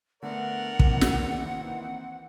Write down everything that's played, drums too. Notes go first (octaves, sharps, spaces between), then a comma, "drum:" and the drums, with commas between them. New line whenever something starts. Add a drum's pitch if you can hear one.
D3 A3 B3 A#4 D5 F#5
D#3 E3 A#3 C4, drum: kick
drum: snare